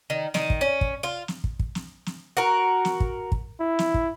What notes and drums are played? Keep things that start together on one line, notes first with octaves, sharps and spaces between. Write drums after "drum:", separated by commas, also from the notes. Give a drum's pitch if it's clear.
D#3
D#3, drum: snare
drum: kick
C#4
drum: kick
F4
drum: snare
drum: kick
drum: kick
drum: snare
drum: snare
F#4 A#4
drum: snare
drum: kick
drum: kick
E4
drum: snare
drum: kick